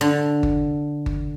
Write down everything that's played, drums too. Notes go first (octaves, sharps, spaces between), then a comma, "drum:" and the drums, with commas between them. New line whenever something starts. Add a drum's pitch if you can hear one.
D3
drum: kick G1
drum: kick G1